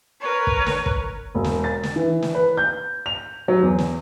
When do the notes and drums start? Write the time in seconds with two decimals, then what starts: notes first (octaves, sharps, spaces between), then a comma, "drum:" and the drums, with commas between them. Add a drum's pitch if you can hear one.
0.21 A#4 B4 C#5
0.47 drum: kick
0.66 drum: snare
0.86 drum: kick
1.35 E1
1.44 drum: snare
1.64 A6
1.83 drum: snare
1.96 E3
2.22 drum: snare
2.35 B4
2.57 G6
3.06 F7
3.48 F#3
3.63 E2
3.79 drum: snare